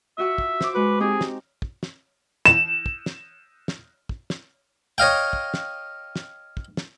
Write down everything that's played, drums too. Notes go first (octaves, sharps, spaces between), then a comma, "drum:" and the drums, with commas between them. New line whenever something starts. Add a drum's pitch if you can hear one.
F4 F#4 E5 F#5
drum: kick
C5 D6, drum: snare
G#3 F#4 B4
C4 D#4 G4 G#4
drum: snare
drum: kick
drum: snare
E7, drum: snare
drum: kick
drum: snare
drum: snare
drum: kick
drum: snare
C#5 D#5 F5 G5
drum: kick
drum: snare
drum: snare
drum: kick
drum: snare